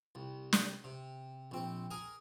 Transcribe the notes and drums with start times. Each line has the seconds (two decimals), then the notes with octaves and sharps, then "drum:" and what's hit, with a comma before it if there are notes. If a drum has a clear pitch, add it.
0.15 C2
0.53 drum: snare
0.84 C3
1.51 A#1 C4
1.91 G#4 A#4 G#5